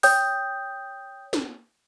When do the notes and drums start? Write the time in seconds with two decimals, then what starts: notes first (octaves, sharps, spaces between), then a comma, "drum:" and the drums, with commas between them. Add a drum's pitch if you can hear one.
0.03 C#5 G5 D#6 G6, drum: open hi-hat
1.33 drum: snare